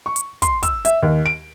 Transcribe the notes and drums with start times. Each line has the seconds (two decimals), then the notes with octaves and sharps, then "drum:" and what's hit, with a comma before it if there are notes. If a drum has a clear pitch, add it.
0.06 C#6
0.16 drum: hi-hat
0.42 C6, drum: kick, hi-hat
0.63 E6, drum: kick, hi-hat
0.85 E5, drum: hi-hat
1.02 D#2
1.26 D7